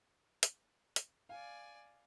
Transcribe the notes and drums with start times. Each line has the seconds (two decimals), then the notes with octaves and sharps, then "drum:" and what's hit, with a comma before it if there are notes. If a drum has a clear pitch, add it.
0.43 drum: hi-hat
0.96 drum: hi-hat
1.29 D5 F5 G#5